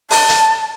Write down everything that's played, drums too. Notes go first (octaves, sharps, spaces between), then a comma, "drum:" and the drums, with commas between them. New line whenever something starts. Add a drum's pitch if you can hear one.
A5, drum: open hi-hat
drum: hi-hat